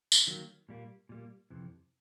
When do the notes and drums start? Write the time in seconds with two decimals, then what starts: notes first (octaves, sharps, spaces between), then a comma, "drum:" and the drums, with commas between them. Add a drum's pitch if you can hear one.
0.12 drum: tambourine
0.27 D#3 F#3 A#3
0.69 A#2 G3 A#3
1.09 A#2 G3 A#3
1.50 F2 C3 E3